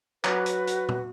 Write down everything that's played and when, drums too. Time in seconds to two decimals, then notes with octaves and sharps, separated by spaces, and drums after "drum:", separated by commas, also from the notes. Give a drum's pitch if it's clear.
0.24 F#3 F#4 B4, drum: clap
0.46 drum: hi-hat
0.67 drum: hi-hat
0.89 drum: tom A#2